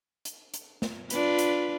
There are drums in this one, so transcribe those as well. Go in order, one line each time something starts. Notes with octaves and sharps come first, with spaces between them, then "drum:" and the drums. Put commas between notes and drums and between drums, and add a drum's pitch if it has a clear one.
drum: hi-hat
drum: hi-hat
drum: snare
D4 F4 B4, drum: hi-hat
drum: hi-hat